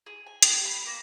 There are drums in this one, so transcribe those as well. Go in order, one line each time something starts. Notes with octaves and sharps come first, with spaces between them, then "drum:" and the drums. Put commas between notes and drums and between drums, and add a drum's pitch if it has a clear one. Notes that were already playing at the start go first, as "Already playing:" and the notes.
G#4
G#5
G4, drum: hi-hat
B5
A#3